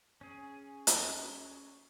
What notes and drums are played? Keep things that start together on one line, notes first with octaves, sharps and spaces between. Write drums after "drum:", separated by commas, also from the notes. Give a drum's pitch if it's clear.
C#4 G#4
drum: hi-hat